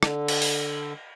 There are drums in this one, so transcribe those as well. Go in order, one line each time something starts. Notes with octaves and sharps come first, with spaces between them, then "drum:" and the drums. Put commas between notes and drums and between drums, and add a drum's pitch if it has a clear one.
D3, drum: rim click
drum: cymbal
drum: open hi-hat